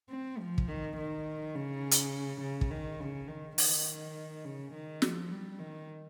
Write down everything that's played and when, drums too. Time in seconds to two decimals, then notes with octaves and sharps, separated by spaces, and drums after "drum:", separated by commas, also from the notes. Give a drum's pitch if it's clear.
0.10 C4
0.39 F3
0.58 drum: kick
0.68 D#3
0.97 D#3
1.55 C#3
1.91 drum: hi-hat
2.41 C#3
2.61 drum: kick
2.70 D#3
3.00 C#3
3.28 D#3
3.58 D#3, drum: open hi-hat
4.44 C#3
4.74 D#3
5.02 F3, drum: snare
5.31 G3
5.60 D#3